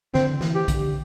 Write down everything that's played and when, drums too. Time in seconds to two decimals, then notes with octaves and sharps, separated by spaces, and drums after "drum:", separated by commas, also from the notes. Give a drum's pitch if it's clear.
0.14 D3 C4, drum: snare
0.41 E3, drum: snare
0.55 G4
0.68 D3, drum: kick A#1, hi-hat